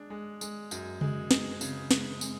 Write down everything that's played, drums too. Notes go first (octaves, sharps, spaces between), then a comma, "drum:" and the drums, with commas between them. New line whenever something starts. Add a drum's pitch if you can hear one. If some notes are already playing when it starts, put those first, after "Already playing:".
Already playing: G#3 D4
G#3
G#3, drum: tambourine
F#2, drum: tambourine
G#3, drum: tom C#3
G#3, drum: snare
C#3, drum: tambourine
G#3, drum: snare
G#3, drum: tambourine